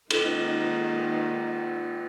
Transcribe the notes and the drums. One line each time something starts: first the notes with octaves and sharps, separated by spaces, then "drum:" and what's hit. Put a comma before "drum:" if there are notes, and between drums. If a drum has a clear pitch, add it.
D#3 G#3 A#3 D#4, drum: cymbal